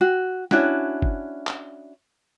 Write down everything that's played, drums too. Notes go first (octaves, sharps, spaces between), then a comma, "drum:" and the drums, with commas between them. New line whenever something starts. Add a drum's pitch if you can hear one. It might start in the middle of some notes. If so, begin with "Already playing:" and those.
F#4
C#4 D4 E4 F#4, drum: snare
drum: kick
drum: clap